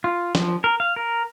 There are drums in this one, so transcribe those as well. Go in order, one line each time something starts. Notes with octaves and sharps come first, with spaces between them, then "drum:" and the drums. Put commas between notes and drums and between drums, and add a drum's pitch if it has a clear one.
F4
F3, drum: snare
A#4
F5
A#4